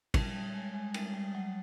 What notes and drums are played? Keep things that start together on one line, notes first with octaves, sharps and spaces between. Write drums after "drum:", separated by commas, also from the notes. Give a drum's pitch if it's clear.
G3, drum: kick, cymbal
G3
G#3
G#3
G3, drum: cymbal
G3
F#3